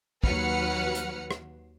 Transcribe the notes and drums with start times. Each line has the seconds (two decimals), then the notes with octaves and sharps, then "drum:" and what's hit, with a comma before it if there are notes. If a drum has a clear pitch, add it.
0.24 D#2 F#3 B4 F#5 F6 C#7, drum: kick
0.95 drum: hi-hat
1.31 drum: rim click